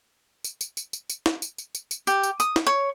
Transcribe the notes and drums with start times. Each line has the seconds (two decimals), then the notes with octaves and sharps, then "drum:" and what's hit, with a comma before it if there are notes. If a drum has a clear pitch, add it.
0.44 drum: tambourine
0.61 drum: tambourine
0.77 drum: tambourine
0.93 drum: tambourine
1.10 drum: tambourine
1.26 drum: snare
1.42 drum: tambourine
1.58 drum: tambourine
1.75 drum: tambourine
1.91 drum: tambourine
2.07 G4, drum: tambourine
2.23 drum: tambourine
2.40 D#6, drum: tambourine
2.56 drum: snare
2.67 C#5